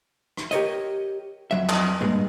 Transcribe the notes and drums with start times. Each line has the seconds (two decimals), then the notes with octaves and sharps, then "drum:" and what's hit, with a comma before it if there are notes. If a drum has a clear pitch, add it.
0.37 drum: rim click
0.51 G4 A#4 C#5 D#5, drum: hi-hat
1.51 F2 F#3 E5
1.69 drum: clap
2.01 G2 A#2 G#3